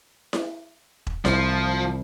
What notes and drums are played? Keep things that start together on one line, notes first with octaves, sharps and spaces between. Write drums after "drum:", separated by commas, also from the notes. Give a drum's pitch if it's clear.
drum: snare E4
drum: kick E1
C2 F3, drum: snare E4